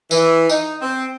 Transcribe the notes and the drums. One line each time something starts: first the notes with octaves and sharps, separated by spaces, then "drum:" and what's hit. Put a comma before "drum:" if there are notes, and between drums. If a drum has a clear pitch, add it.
E3, drum: tambourine
D#4, drum: tambourine
C4